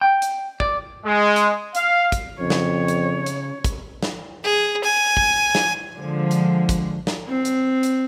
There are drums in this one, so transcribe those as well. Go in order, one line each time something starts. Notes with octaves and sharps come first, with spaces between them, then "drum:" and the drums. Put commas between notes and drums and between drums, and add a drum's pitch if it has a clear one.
G5
drum: hi-hat
D5, drum: kick
G#3
drum: hi-hat
F5, drum: hi-hat
drum: kick, hi-hat
F2 C#3 C#5
drum: snare
drum: hi-hat
drum: hi-hat
drum: kick, hi-hat
drum: snare
G#4
G#5
drum: kick
drum: snare
D3 F3 G#3
drum: hi-hat
drum: kick, hi-hat
drum: snare
C4
drum: hi-hat
drum: hi-hat